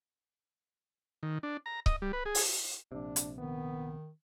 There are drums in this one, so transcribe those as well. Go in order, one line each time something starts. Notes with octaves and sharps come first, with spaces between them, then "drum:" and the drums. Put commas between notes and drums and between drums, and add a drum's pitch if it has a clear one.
D#3
D4
A#5
D#5, drum: kick C#1
G3
B4
G#4
drum: open hi-hat
A#1 C3 D4
drum: hi-hat
D#3 B3